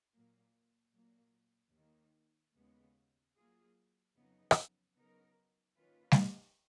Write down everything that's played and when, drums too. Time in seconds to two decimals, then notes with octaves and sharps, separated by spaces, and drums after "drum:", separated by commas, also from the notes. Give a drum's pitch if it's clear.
0.12 A#2 F#3 A#3
0.93 A#2 F#3 A#3
1.74 D#2 D#3 A#3
2.54 D#2 C#3 G#3 B3
3.35 F#3 A#3 F4 G#4
4.15 F2 C#3 F#3 B3 D#4
4.51 drum: rim click
4.96 C#3 F#3 B3 D#4 A#4
5.77 D#3 A#3 C#4 F4 B4
6.12 drum: snare G3